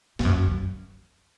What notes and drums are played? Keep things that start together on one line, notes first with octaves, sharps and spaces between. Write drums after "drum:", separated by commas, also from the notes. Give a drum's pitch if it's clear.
G2, drum: snare
F#2
F#2